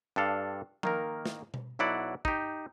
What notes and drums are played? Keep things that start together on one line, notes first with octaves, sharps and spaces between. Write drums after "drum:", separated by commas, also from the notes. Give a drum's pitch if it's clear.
G2 D4 A4 F5
D#3 A#3 A#4, drum: tom F3
drum: snare
drum: tom B2
B1 F#3 E4 D5 F#5
D#4 G4, drum: kick